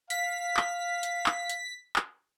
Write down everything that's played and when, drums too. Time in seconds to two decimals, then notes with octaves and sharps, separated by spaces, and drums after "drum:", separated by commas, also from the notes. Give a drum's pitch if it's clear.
0.10 F5 B6, drum: hi-hat
0.57 drum: clap
1.03 drum: hi-hat
1.26 drum: clap
1.50 drum: hi-hat
1.96 drum: clap